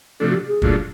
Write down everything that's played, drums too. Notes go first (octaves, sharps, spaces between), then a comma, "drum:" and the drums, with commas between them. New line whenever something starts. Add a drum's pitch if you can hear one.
C3 F3 A3 D4 A4
F#4
G4
G#4
A#2 F#3 A3 D4 F4, drum: kick